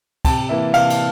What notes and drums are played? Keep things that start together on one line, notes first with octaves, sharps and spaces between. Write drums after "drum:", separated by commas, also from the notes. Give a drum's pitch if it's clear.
C3 A5, drum: kick, cymbal
E3 A#3 E4
C3 F5, drum: cymbal
drum: cymbal